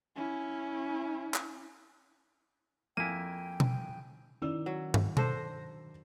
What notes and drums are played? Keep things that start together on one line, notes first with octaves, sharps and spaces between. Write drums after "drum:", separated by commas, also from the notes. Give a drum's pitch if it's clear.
C#4 E4
drum: clap
F2 A#3 E4 G5 G#5 D#7
drum: tom B2
D#3 C#4 E4 D5 E6
F#3
drum: tom
D4 A4 C5 A#6, drum: tom B2